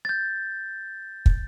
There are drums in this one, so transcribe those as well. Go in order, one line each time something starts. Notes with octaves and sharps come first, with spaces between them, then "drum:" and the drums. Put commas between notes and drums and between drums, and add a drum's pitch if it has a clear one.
A6
G6
drum: kick